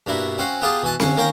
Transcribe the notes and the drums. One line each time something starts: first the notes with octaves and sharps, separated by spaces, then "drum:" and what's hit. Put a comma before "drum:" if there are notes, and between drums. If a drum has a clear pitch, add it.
G2 B2 A#3 E4
C4 C#4 F#4 F5
B3 F4 G4 G#4 F5 A5
B2 E3 G#5 A5
D3 C#4 F5 C#6, drum: snare C4
D#3 A#3 C#4 F5 G5 A#5